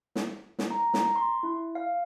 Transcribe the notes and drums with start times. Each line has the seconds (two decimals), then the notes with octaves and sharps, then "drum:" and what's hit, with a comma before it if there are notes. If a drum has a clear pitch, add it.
0.16 drum: snare
0.59 drum: snare
0.71 A#5
0.94 A#5, drum: snare
1.16 C6
1.43 E4
1.75 F5